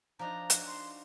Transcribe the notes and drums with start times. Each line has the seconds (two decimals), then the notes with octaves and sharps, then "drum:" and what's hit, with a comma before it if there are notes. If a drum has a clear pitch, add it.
0.19 F3 D4 D#4 A#5
0.50 F#4 G#5, drum: hi-hat
0.67 C6